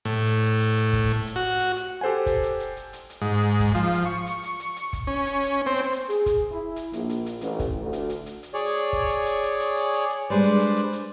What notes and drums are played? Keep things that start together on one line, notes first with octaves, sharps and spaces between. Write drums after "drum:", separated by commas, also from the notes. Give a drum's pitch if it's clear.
A2
drum: hi-hat
drum: hi-hat
drum: hi-hat
drum: hi-hat
drum: kick, hi-hat
drum: hi-hat
drum: hi-hat
F#4
drum: hi-hat
drum: hi-hat
G4 A4 C5 F#5 G#5
drum: kick, hi-hat
drum: hi-hat
drum: hi-hat
drum: hi-hat
drum: hi-hat
drum: hi-hat
G#2
drum: kick, hi-hat
F3, drum: hi-hat
drum: hi-hat
C#6
drum: hi-hat
drum: hi-hat
drum: hi-hat
drum: hi-hat
drum: kick, hi-hat
C#4
drum: hi-hat
drum: hi-hat
C4
drum: hi-hat
drum: hi-hat
G#4, drum: hi-hat
drum: kick, hi-hat
E4
drum: hi-hat
A#1, drum: hi-hat
drum: hi-hat
drum: hi-hat
A1, drum: hi-hat
drum: kick, hi-hat
D2
drum: hi-hat
drum: hi-hat
drum: hi-hat
drum: hi-hat
G#4 C#5 D5
drum: hi-hat
drum: kick, hi-hat
drum: hi-hat
drum: hi-hat
drum: hi-hat
drum: hi-hat
drum: hi-hat
drum: hi-hat
drum: hi-hat
G3 G#3 D4 B4 C5 D5
drum: hi-hat
drum: hi-hat
drum: hi-hat
drum: hi-hat